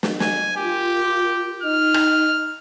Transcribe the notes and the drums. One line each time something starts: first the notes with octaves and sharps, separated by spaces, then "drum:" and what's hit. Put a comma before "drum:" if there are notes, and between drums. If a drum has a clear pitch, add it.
drum: snare
G#5, drum: snare
F4 G4 A#4
D#4 D#5 F6
drum: rim click